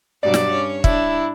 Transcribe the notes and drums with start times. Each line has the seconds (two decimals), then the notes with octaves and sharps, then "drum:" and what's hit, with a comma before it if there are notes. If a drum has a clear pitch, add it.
0.23 G2 B2 F#3 D5
0.34 drum: snare
0.52 C#4 C#5
0.84 D4 E4, drum: kick